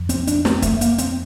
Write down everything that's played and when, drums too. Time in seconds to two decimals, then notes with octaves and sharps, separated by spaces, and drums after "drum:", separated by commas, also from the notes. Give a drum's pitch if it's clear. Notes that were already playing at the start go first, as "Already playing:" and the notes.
Already playing: F2
0.09 C4, drum: hi-hat
0.27 D4, drum: hi-hat
0.45 C4, drum: snare
0.62 A3, drum: kick, hi-hat
0.81 A#3, drum: hi-hat
0.98 C4, drum: hi-hat